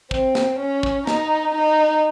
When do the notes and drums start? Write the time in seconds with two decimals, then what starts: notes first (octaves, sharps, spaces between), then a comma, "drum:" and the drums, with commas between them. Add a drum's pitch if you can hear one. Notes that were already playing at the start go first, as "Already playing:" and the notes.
0.11 C4, drum: kick
0.35 drum: snare
0.59 C#4
0.83 drum: kick
1.07 D#4, drum: snare
1.55 D#4